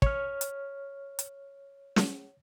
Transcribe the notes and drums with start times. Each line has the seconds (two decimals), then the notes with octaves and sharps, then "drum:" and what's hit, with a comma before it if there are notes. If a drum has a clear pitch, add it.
0.02 C#5 F6, drum: kick
0.41 drum: hi-hat
1.19 drum: hi-hat
1.96 drum: snare